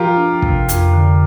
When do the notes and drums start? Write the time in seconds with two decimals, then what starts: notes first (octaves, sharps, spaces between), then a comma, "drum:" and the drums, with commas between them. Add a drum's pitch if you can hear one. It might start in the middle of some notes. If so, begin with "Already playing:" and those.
Already playing: F3 F4 G4 A#4
0.17 D4
0.42 C3, drum: kick
0.69 F2, drum: hi-hat
0.93 D3